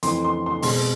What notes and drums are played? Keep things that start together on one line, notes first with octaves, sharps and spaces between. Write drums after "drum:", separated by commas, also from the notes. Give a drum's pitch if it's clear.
F2 E3 A3 C4 C6, drum: hi-hat
C6
C6
B2 G#3 C4 C6, drum: open hi-hat